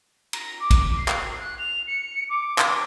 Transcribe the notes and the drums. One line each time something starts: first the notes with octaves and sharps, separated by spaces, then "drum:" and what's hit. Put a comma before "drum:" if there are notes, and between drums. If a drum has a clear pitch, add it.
A#5, drum: cymbal
D6
drum: kick, cymbal
C7
drum: clap
F#6
F7
C#7
D6
drum: clap